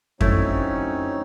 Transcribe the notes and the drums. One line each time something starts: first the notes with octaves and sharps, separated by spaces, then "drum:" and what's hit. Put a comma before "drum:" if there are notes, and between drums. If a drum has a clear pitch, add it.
F#3 A3 C4 C#4 D#4 E4 C#5, drum: kick F2